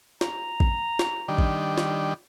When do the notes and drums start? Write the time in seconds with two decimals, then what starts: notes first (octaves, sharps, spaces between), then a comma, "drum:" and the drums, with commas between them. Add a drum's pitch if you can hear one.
0.21 A#5, drum: snare
0.60 drum: kick A1
0.99 drum: snare
1.28 D#3 G3 D4
1.38 drum: kick A1
1.78 drum: snare